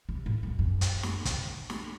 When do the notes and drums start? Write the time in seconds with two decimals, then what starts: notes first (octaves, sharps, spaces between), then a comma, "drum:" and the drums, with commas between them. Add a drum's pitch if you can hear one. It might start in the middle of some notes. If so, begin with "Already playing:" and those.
0.09 C3
0.26 A2
0.43 F#2
0.59 F#2
0.81 drum: hi-hat
1.03 drum: snare
1.25 drum: kick, hi-hat
1.70 drum: snare